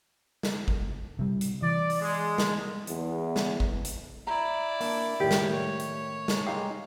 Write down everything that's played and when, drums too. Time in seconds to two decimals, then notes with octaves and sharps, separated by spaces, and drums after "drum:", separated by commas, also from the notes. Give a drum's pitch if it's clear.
0.43 drum: snare
0.68 drum: kick G#1
1.19 C3 G3
1.41 drum: hi-hat
1.62 E3 D5
1.90 drum: open hi-hat
2.01 G#3
2.38 drum: snare
2.87 E2, drum: hi-hat
3.36 drum: snare
3.60 drum: kick G#1
3.85 drum: hi-hat
4.27 E4 D5 A#5
4.80 A#3 D4, drum: open hi-hat
5.20 A2 D#3 G4
5.31 drum: snare
5.51 C#5
5.80 drum: hi-hat
6.28 drum: snare
6.46 G#3 D#4 G4 F5